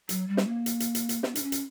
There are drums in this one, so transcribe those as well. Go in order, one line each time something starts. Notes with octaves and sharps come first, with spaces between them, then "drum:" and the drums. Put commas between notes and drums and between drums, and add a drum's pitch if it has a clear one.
F#3, drum: hi-hat
G3
drum: snare
A#3
drum: hi-hat
drum: hi-hat
drum: hi-hat
drum: hi-hat
B3, drum: snare
D4, drum: hi-hat
C#4
drum: hi-hat